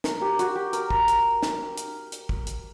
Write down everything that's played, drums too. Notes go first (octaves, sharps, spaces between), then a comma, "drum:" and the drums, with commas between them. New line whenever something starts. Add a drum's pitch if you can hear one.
A#4, drum: snare
G4
F#4, drum: hi-hat
G4
A#4, drum: hi-hat
drum: kick
drum: hi-hat
drum: snare
drum: hi-hat
drum: hi-hat
drum: kick
drum: hi-hat